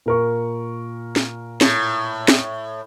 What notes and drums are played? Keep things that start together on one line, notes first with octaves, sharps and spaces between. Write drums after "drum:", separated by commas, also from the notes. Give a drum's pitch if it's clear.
A#2 A#4 C#6
drum: snare
A2, drum: snare
drum: snare